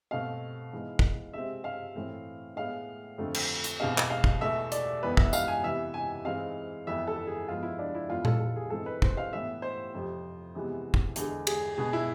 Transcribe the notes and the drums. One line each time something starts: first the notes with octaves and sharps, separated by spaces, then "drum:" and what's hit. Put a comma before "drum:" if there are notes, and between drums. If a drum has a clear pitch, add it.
B2 A3 C4 F5
G#2 E3 B3
drum: kick
C3 G#3 C4 E5
F5
A2 E3 A3 C4
A2 G#3 B3 F5
F2 D3 A3 C4
drum: cymbal
drum: hi-hat
E2 B2 G#3 C4 F5
drum: clap
F5
drum: kick
E2 B2 A3 E5
D5, drum: hi-hat
F2 E3 B3 B4
E5, drum: kick
F5, drum: tambourine
G#5
C3 E3 B3 E5
G#5
G#2 E3 G#3 C4 F5
F2 E3 B3 E5
A4
G#4
G#2 F3 B3 F4
E4
D4
E4
F2 E3 B3 F4
A4, drum: tom A#2
A4
G#4
G#2 E3 A3 C4 A4
B4
C5, drum: kick
F5
A2 E3 B3 E5
C5
F2 C3 F3
C3 E3 G#3 B3
drum: kick
E2 D3 G#3, drum: hi-hat
G#4, drum: cymbal
B2 B3 G#4
E4